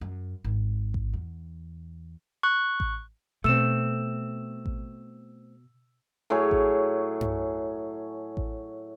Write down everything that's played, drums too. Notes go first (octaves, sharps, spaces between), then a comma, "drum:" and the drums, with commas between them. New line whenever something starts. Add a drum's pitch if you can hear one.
F#2
G#1
drum: kick A1
E2
C#6 F#6
drum: kick A1
B2 A3 C4 E6 E7
drum: kick A1
A2 F#3 G#4 C#5
drum: kick A1
drum: tom G2
drum: kick A1